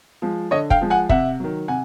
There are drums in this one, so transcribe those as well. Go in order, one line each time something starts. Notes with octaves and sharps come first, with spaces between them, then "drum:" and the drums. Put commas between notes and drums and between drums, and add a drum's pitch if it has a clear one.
F3 G#3
D3 C#5 D#5
F5 G5, drum: kick
F3 G#3
F#5 G#5
C3 E5 F#5, drum: kick
D#3 F#3
C3 F#5 G#5